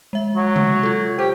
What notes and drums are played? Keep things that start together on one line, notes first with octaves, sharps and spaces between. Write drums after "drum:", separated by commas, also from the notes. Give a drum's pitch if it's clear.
G#3 E5
F#3
drum: tom C3
F4 A4
G4 C5